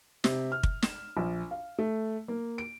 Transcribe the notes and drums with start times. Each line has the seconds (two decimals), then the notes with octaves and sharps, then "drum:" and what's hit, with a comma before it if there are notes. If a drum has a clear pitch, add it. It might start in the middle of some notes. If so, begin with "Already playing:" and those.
0.24 C3, drum: snare
0.52 F6
0.63 drum: kick
0.83 E7, drum: snare
1.17 A#1
1.51 F5
1.78 A3
2.28 A#3
2.58 D7